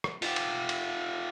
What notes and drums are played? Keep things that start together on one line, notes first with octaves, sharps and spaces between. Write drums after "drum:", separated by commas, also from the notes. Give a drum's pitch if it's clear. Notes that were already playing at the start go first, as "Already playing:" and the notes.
drum: rim click
F4 G4, drum: open hi-hat
drum: cymbal
drum: cymbal